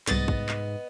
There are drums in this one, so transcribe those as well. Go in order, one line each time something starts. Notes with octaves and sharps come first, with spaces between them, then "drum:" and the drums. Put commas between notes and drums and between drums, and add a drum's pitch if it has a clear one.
C2 G#2 B3 D#5 A6, drum: clap
drum: kick
drum: clap